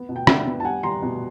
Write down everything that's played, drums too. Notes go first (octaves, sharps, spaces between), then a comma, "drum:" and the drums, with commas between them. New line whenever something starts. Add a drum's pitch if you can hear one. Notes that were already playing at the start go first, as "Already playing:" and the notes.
Already playing: B3
B2
G5
D4 E5 F#5, drum: rim click
B3
A5
G3 F#5 G#5
G3 A#5 C6
B2